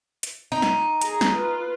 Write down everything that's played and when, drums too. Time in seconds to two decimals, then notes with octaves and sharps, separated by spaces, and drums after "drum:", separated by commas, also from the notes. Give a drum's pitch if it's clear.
0.23 drum: hi-hat
0.52 D#4
0.62 drum: snare
1.02 G#4 A#5, drum: hi-hat
1.21 drum: snare
1.34 F4 B4